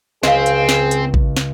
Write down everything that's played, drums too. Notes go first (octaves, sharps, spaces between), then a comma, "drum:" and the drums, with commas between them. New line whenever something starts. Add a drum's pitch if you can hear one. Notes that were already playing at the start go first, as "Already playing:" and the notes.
C#2 C4 G#4 D#5 F5, drum: snare
drum: hi-hat
drum: snare
drum: hi-hat
drum: kick A1
drum: snare